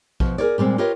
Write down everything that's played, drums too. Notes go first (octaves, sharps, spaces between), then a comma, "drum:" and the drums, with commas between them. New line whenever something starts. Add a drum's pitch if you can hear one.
B2 F3, drum: kick A#1
G#4 A#4 C#5 D5
A#2 G3 G#3 C4
F4 G4 A#4 B4 C#5 D#5